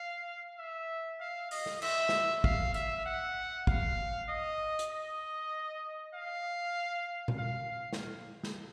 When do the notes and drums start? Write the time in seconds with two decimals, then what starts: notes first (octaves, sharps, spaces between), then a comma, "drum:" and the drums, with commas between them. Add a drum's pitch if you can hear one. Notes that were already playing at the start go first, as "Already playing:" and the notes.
Already playing: F5
0.58 E5
1.20 F5
1.51 D#5, drum: open hi-hat
1.66 drum: snare
1.82 E5, drum: cymbal
2.09 drum: snare
2.44 F5, drum: kick
2.74 E5, drum: hi-hat
3.06 F#5
3.67 F5, drum: kick
4.28 D#5
4.79 drum: hi-hat
4.91 D#5
6.14 F5
7.28 drum: tom A#2
7.38 F5
7.93 drum: snare
8.43 drum: snare